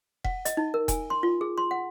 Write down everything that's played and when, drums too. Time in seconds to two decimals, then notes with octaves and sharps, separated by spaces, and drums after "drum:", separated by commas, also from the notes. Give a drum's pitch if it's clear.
0.24 F#5, drum: kick E1
0.45 D#5, drum: hi-hat
0.57 D#4
0.74 A#4
0.88 G#5, drum: kick E1, hi-hat
1.10 C6
1.23 F4
1.41 G#4
1.58 C6
1.71 F#5